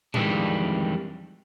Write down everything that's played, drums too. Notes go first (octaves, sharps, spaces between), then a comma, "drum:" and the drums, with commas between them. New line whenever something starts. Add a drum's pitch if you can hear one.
F2 D#3 E3 G3 G#3 D4, drum: tom A2